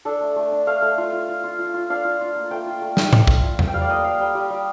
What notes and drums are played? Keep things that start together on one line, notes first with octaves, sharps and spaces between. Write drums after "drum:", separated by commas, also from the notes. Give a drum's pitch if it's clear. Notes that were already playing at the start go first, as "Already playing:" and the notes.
D4 A4
A3
A3
D4
A3 F5
A3
F4
F4
F4
F4
F4
F4
D4 F5
F4
F4
A#3
A3 G5
F4
A3
A3, drum: snare
F4, drum: tom G#2
A3, drum: kick
F4
A3, drum: tom E2
G5
G3 F5
D5
A#3 D#5
G3 F5
G3 G5
G3
G3